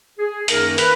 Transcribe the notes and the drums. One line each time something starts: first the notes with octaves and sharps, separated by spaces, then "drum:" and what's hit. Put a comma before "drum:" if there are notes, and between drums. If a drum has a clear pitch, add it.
G#4
F#2 D#3 A#3 D#4 A#4, drum: hi-hat
B4, drum: hi-hat